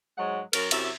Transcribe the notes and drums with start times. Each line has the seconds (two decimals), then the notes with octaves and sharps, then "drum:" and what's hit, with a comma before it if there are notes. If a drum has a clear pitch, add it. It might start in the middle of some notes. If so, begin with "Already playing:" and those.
0.18 G#2 F#3 G#3 F#5
0.53 F#2 A#4, drum: cymbal
0.71 F#2 C3 E4 E5, drum: cymbal